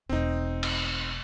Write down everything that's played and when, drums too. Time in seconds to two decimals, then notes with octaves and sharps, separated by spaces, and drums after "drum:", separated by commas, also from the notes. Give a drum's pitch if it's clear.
0.09 E1 A3 C4 D#4
0.63 drum: cymbal